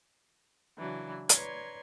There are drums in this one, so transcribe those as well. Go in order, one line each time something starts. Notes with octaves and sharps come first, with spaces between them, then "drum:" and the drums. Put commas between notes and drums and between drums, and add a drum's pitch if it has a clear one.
C#3 E3 F#3 D4
B4 C#5 D5 A#5 C6 G#6, drum: hi-hat